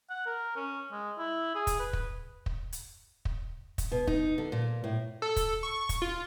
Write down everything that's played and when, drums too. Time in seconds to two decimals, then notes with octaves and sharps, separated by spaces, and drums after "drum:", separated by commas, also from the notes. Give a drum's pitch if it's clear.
0.10 F#5
0.26 A#4
0.56 C#4
0.92 G#3
1.18 E4
1.55 G#4
1.67 drum: kick, hi-hat
1.79 B4
1.93 drum: kick
2.46 drum: kick
2.73 drum: hi-hat
3.25 drum: kick
3.78 drum: kick, hi-hat
3.92 B2
4.07 D#4, drum: kick
4.38 D3
4.52 A#2
4.84 A2
5.22 A4
5.36 drum: kick, hi-hat
5.63 C#6
5.89 drum: kick, hi-hat
6.02 F4